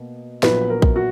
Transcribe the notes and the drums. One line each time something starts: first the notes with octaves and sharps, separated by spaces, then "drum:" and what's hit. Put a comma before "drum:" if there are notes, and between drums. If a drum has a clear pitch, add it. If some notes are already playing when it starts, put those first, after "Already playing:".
Already playing: B2 A#3
A#1 A#2 F#3 B3 B4, drum: snare
A#4
drum: kick
F#4